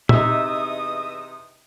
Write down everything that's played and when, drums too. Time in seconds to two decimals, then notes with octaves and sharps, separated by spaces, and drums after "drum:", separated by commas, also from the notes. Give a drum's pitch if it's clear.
0.09 E2 C3 D#4 D#5 E5 D#6, drum: tom